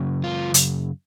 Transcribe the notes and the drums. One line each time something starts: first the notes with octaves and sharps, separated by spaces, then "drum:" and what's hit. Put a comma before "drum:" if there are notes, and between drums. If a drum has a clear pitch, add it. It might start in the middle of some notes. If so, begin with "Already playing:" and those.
Already playing: F#2 C#3
F4
drum: hi-hat